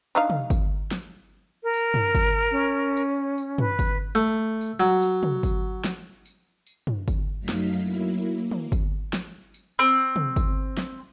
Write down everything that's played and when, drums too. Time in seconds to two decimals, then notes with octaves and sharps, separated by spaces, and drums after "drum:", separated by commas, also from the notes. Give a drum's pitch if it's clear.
0.15 D4 D#4 F5
0.30 drum: tom
0.50 drum: kick G1, tambourine
0.91 drum: snare
1.63 A#4
1.74 drum: tambourine
1.94 drum: tom
2.15 drum: kick G1, tambourine
2.51 C#4
2.97 drum: tambourine
3.38 drum: tambourine
3.58 B4, drum: tom
3.79 drum: kick G1, tambourine
4.15 A3
4.61 drum: tambourine
4.80 F#3
5.02 drum: tambourine
5.23 drum: tom
5.43 drum: kick G1, tambourine
5.84 drum: snare
6.26 drum: tambourine
6.67 drum: tambourine
6.87 drum: tom
7.08 drum: kick G1, tambourine
7.39 F#2 F#3 A3 D#4 F5 B6
7.49 drum: snare
7.81 F#3 A#3 E4
8.36 A#3
8.51 drum: tom
8.72 drum: kick G1, tambourine
9.13 drum: snare
9.54 drum: tambourine
9.79 C4
10.16 drum: tom
10.36 drum: kick G1, tambourine
10.77 drum: snare